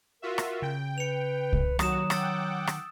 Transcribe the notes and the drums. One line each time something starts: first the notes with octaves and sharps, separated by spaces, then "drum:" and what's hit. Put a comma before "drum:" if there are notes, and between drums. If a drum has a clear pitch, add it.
F4 F#4 A#4 E5
drum: rim click
C#3 G5
B4 C#7 F7
drum: kick C2
D#2 D#3 F#3 F#4 D#6 E7, drum: rim click
F#5 G5 D6 E6 A6, drum: rim click
drum: rim click